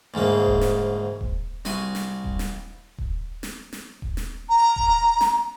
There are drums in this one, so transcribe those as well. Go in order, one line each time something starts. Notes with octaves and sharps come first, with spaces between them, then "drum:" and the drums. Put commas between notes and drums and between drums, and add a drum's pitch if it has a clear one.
D2 G#2 C#3 A#3
drum: kick D#1
drum: snare
drum: kick D#1
C2 F#4 G#5, drum: snare
drum: snare
drum: kick D#1
drum: snare
drum: kick D#1
drum: snare
drum: snare
drum: kick D#1
drum: snare
A#5
drum: kick D#1
drum: snare